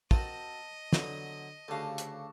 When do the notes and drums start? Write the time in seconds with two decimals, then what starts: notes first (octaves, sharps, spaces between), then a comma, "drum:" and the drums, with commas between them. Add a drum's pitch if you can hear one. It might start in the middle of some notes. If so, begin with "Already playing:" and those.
0.11 C4 F4 F#4 A#4 D#5 A5, drum: kick
0.93 D3 F#3 B3 D#6, drum: snare
1.68 D2 C#3 F#4 G4 A4 F5 A5
1.98 drum: hi-hat